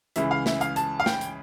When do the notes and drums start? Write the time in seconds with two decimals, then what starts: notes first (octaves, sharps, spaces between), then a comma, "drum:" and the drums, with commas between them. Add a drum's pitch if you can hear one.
0.16 C#2 C#3 E3 E5, drum: hi-hat
0.31 F5
0.46 E5, drum: snare
0.61 F5, drum: hi-hat
0.76 A5, drum: hi-hat
1.00 F5
1.06 G5, drum: snare
1.21 drum: hi-hat